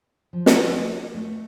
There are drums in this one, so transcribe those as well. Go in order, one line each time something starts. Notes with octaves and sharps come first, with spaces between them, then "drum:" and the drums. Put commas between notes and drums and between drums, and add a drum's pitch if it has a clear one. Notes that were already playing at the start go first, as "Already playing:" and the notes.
F3
drum: snare
G3
A3